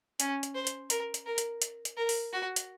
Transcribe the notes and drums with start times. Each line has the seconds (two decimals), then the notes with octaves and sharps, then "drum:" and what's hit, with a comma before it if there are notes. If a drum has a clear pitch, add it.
0.20 C#4, drum: hi-hat
0.43 drum: hi-hat
0.55 C5
0.67 drum: hi-hat
0.90 A#4, drum: hi-hat
1.14 drum: hi-hat
1.26 A#4
1.38 drum: hi-hat
1.62 drum: hi-hat
1.85 drum: hi-hat
1.97 A#4
2.09 drum: open hi-hat
2.33 F#4
2.56 drum: hi-hat